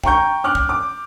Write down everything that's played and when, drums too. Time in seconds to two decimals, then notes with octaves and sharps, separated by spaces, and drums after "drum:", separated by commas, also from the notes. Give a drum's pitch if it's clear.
0.04 G5 A#5 C#6 G6, drum: kick
0.44 D6 F6 F#6
0.55 drum: kick
0.69 D6